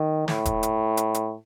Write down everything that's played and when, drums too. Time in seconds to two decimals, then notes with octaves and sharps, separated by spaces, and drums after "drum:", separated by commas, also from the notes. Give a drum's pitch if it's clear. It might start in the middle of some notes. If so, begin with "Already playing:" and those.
Already playing: D#3
0.28 A2, drum: snare
0.45 drum: kick E1, hi-hat
0.63 drum: hi-hat
0.97 drum: hi-hat
1.14 drum: hi-hat